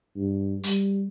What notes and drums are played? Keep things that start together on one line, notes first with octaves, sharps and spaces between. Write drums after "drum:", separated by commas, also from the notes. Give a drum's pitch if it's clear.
G2
G3, drum: hi-hat